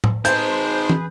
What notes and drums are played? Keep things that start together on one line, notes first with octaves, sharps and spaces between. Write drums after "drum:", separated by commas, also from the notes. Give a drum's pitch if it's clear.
drum: tom A2
D#4 G#4 B4 C5 A5 G6, drum: hi-hat
drum: tom